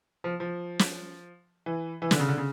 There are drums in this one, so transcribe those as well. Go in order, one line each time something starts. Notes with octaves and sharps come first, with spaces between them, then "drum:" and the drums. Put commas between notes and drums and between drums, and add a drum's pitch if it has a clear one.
F3
F3
drum: snare
E3
E3
D3, drum: snare
C#3
D3
C#3